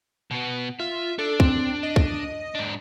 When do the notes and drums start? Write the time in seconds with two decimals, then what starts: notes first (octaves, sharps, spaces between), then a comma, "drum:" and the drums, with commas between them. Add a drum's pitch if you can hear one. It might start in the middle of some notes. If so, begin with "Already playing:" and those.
0.31 B2 B3
0.80 F4 E5
1.19 D4 A4
1.40 C4, drum: kick
1.83 D#5
1.96 drum: kick
2.55 G#2 D4